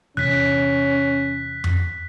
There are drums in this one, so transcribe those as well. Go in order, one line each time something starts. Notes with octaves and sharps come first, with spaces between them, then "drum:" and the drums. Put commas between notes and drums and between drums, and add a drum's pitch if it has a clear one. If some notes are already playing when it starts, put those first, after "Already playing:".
E2 C3 C#4 F#6 B6
drum: tom F2